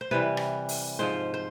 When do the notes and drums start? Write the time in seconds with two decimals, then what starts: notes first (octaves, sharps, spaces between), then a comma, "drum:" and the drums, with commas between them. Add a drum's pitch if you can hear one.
0.01 C5
0.11 C3 E3 G3 B4
0.37 drum: rim click
0.69 drum: open hi-hat
0.99 G#2 F3 C5
1.34 C5